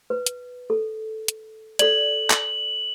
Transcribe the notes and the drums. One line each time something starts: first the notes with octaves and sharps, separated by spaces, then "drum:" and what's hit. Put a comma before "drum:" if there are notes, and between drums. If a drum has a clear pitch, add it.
B4
drum: hi-hat
A4
drum: hi-hat
A4 D5 F#7, drum: hi-hat
drum: clap